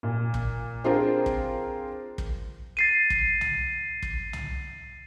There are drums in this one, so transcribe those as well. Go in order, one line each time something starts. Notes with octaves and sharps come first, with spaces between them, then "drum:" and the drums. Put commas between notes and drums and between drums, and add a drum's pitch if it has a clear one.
A#2
drum: kick
C4 D4 F4 G#4 A#4 C5
drum: kick
drum: kick
A6 C7 D#7
drum: kick
drum: tom C2
drum: kick
drum: tom C2